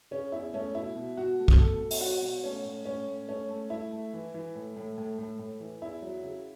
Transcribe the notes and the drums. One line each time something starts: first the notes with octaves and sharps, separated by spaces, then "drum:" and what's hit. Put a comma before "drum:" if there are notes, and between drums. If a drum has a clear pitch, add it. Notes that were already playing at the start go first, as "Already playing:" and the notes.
C#3 C#4
E2 E4
A3 C#4
B2 E4
B2
B2 F#4
A3
drum: kick
B2 A4
B2
drum: open hi-hat
F#3 F#4
B2
A3 C#4
A2
A2 C#4
A2
A3 C#4
A3
A3 E4
A3
E3
E3
A2
A2
A2
A2
A2
E3
E2 E4
F#3
C#3